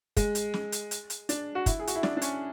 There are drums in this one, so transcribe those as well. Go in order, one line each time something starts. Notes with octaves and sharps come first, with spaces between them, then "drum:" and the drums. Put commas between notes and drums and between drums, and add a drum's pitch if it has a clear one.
G#3, drum: kick, hi-hat
drum: hi-hat
drum: snare
drum: hi-hat
drum: hi-hat
drum: hi-hat
D4, drum: hi-hat
F#4
E4, drum: kick, hi-hat
G#4
F#4, drum: hi-hat
E4
D4, drum: snare
D4
C#4, drum: hi-hat